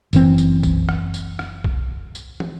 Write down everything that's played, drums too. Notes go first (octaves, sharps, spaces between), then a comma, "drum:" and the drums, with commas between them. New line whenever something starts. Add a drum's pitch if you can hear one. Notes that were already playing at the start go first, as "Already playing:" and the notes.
F#1 E3 C4, drum: tambourine
drum: tambourine
drum: kick B1, tambourine
drum: rim click
drum: tambourine
drum: rim click
drum: kick B1
drum: tambourine
drum: tom